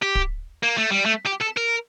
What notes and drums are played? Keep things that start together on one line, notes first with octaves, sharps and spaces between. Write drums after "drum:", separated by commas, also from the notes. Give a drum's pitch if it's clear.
G4
drum: kick D1
A#3
A3
G3
A3
G4
A4
A#4